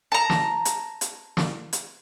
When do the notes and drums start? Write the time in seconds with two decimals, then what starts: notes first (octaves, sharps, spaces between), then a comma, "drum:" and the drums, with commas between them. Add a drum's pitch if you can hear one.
0.12 A5 A#5
0.30 drum: snare
0.65 drum: hi-hat
1.01 drum: hi-hat
1.37 drum: snare
1.73 drum: hi-hat